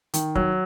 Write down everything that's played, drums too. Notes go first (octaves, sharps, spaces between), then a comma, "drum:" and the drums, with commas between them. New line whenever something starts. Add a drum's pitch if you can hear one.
D#3, drum: hi-hat
F#3, drum: kick